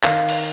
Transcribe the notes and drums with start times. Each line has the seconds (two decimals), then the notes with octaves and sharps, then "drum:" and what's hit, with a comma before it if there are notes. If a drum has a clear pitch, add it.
0.03 D#3 F5, drum: clap
0.29 drum: cymbal